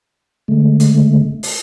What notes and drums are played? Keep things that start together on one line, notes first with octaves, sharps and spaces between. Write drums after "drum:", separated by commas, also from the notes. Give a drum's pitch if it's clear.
D3 G#3 A3
drum: hi-hat
drum: open hi-hat